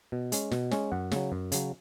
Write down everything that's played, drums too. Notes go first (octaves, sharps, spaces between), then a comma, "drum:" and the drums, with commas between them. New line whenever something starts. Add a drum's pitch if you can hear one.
B2
G#3 C#4, drum: hi-hat
B2, drum: snare
G#3 C#4, drum: snare
F#2 F#5
C#3 F#3, drum: snare
F#2
C#3 F#3, drum: hi-hat